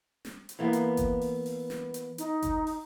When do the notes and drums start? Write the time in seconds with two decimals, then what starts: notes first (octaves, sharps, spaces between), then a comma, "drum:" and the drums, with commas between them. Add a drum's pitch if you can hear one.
0.25 drum: snare
0.49 drum: hi-hat
0.59 E3 A#3 B3
0.73 drum: hi-hat
0.97 drum: kick G1, hi-hat
1.21 drum: open hi-hat
1.46 drum: open hi-hat
1.70 drum: snare
1.94 drum: hi-hat
2.18 D#4, drum: hi-hat
2.42 drum: kick G1, hi-hat
2.67 drum: open hi-hat